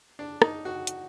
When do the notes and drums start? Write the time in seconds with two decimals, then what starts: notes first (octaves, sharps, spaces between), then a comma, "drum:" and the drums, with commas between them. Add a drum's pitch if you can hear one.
0.19 D4
0.42 D#4, drum: rim click
0.65 F#4
0.87 drum: hi-hat